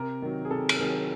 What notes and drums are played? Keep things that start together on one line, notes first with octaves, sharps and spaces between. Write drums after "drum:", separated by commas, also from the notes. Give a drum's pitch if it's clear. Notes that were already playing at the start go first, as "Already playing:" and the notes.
Already playing: C3 A#4
D#3 F#3
G#4
C3 A4
drum: cymbal
D#3 F#3 G#4